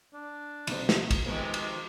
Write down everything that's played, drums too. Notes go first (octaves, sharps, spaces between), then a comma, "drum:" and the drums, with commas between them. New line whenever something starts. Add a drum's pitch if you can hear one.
D4
B1 C4, drum: cymbal
drum: snare
drum: kick, cymbal
C3 D#3 F3 G#3 B3
drum: cymbal